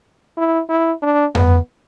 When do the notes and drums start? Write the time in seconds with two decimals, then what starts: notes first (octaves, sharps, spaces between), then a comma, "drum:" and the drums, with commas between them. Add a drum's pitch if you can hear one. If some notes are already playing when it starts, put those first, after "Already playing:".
0.37 E4
0.70 E4
1.02 D4
1.35 B3, drum: tom F2